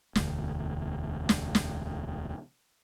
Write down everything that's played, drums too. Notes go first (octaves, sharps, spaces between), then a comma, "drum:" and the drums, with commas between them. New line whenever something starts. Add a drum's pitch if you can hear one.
E1 D2, drum: snare
drum: snare
drum: snare